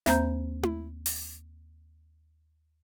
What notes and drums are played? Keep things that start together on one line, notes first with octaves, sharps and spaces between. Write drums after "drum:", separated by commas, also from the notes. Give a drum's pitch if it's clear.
D#2 A#3 C4 C5 A#5 G6, drum: snare
drum: tom E4
drum: open hi-hat